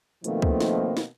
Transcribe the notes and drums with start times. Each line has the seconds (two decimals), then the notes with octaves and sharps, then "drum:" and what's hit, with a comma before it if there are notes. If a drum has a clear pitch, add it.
0.24 B2 D#3 F3 A3 A#3 C4, drum: hi-hat
0.42 drum: kick C#2
0.60 drum: snare
0.97 drum: snare